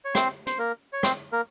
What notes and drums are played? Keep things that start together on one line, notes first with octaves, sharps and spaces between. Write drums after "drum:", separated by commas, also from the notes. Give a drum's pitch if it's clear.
C#5
C4 C5, drum: rim click
C5, drum: hi-hat
A#3 A#4
C#5
C4 C5, drum: rim click
A#3 A#4